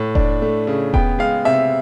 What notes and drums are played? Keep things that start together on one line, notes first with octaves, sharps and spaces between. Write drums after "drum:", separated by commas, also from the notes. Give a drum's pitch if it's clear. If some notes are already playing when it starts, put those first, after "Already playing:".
Already playing: A2
D4, drum: kick E1
A3
C#3
B3 G5, drum: kick E1
G#3 F5
C3 E5